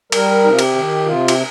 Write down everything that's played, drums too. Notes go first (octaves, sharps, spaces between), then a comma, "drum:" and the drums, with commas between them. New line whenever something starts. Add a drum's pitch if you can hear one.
G3 A#4, drum: cymbal
C3 D#4
F4
G4, drum: cymbal
D#3
C3 F4
G4, drum: cymbal